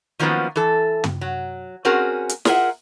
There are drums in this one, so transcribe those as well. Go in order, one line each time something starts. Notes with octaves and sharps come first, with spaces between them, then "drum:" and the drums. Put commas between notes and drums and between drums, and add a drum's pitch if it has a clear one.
D#3 F3 F#3 A#3 B3 C#4
E3 A4
drum: tom
F#3
C4 C#4 F#4 G#4 A#4
drum: hi-hat
F4 G#4 A#4 B4 E5 F#5, drum: snare